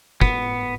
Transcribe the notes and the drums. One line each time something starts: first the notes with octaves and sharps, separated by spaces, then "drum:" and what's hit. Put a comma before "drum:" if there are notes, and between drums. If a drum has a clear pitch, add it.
B3, drum: kick